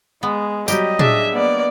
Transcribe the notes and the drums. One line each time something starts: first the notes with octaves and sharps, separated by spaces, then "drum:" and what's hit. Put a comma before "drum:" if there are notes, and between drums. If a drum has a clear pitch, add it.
G#3 B3
F#3 G3 G4 D#5, drum: tambourine
D4 G#4 E5, drum: tom
A#3 B3 D5